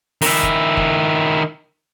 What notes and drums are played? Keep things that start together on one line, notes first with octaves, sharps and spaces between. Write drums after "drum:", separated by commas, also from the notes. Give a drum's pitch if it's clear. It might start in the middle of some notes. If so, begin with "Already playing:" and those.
D#3 E4, drum: open hi-hat
drum: kick
drum: kick